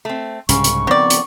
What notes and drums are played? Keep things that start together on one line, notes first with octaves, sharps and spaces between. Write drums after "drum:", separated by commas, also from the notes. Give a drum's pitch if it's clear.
A3 C4
C2 G#2 C#3 G3 C#6, drum: hi-hat
drum: hi-hat
D#3 F3 B3 C4 D5
drum: hi-hat